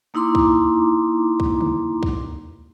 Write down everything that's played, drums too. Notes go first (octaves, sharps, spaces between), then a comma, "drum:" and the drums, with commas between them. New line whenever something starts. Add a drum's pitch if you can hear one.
A#3 D#4 E4 A#5 C6 D6
drum: kick C2
drum: kick C2
drum: tom
drum: kick C2